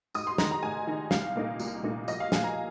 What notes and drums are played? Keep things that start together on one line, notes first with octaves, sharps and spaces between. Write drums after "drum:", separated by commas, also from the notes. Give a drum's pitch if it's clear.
G#2 D#6, drum: tambourine
C6
D#3 G#3 D#4 A#5, drum: snare
A#5
G#2 G#5
D#3 G#3 D#4
C2 F5, drum: snare
A#2 A#3 D#4
C2, drum: tambourine
A#2 A#3 D#4
A#1 D#5, drum: tambourine
F5
A#2 F3 G#3 G#5, drum: snare
A#5